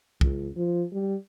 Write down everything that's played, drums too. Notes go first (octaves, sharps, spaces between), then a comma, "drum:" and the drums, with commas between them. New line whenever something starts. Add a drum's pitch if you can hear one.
C#2, drum: kick C2
F3
G3